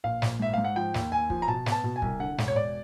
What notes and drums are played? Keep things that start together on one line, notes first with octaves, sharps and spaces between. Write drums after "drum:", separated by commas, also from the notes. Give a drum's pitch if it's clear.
A#1 F5
A#1, drum: snare
G#2 E5
G#2 F5
F#5
F3 G5
D#2, drum: snare
D#2 G#5
F3, drum: kick
A#5
B2 A5
B3, drum: snare
A5
B2
G#5
C2, drum: kick
D3 F#5
E1, drum: snare
C#5
E1 D5